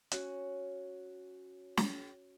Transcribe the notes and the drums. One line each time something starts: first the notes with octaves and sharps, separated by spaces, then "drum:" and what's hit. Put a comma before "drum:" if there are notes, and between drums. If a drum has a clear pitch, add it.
C#4 F#4, drum: hi-hat
drum: snare